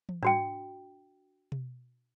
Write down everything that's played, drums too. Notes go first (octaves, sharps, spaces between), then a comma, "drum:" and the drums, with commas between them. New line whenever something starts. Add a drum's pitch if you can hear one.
drum: tom
D4 F#4 G5, drum: tom G#2
drum: tom B2